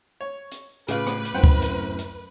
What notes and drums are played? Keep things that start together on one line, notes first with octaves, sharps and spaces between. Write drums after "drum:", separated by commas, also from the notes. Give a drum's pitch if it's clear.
C#5
drum: hi-hat
A2 C#3 F4 B4 D6, drum: hi-hat
drum: rim click
drum: hi-hat
F#2 A2 C4 C5 F#5 G5 D7
drum: kick C#2
drum: hi-hat
drum: hi-hat